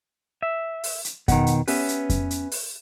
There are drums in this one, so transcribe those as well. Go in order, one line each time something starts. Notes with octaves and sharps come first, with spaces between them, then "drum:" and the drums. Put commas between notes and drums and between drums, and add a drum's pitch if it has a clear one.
E5
drum: open hi-hat
drum: hi-hat
B2 D#3 F#5, drum: kick F2, hi-hat
drum: hi-hat
B3 C#4 G4 B4 E5, drum: open hi-hat
drum: hi-hat
drum: kick F2, hi-hat
drum: hi-hat
drum: open hi-hat